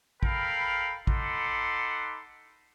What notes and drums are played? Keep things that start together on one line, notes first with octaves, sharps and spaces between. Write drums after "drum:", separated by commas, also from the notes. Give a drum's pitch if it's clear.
A4 A#4 F5 G5 B5, drum: kick
D#4 A4 F#5 B5 C6 D6, drum: kick